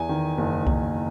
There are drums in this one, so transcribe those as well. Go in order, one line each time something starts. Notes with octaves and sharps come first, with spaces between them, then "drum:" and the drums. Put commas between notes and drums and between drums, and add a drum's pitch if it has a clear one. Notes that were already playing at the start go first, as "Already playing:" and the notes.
Already playing: E2 G#5
D#3
F#1
F#1, drum: kick C2